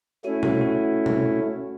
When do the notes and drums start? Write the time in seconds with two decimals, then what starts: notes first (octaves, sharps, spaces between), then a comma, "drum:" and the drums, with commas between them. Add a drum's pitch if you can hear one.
0.25 A3 C#4 E4 F#4
0.43 F#4, drum: tom B2
0.61 F#4
1.06 drum: tom B2